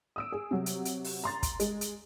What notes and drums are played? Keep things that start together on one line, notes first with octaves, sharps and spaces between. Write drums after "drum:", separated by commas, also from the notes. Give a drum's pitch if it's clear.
D#6 E6 D7
G#4
C3 F#3
drum: hi-hat
drum: hi-hat
drum: open hi-hat
A#5 C6 A6
drum: kick, hi-hat
G#3, drum: hi-hat
drum: hi-hat